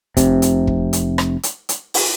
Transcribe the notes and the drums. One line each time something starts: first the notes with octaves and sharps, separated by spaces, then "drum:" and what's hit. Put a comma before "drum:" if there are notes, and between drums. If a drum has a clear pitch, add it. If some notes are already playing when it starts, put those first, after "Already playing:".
F1 C3, drum: kick, hi-hat
drum: hi-hat
drum: kick
drum: hi-hat
drum: rim click
drum: hi-hat
drum: hi-hat
drum: open hi-hat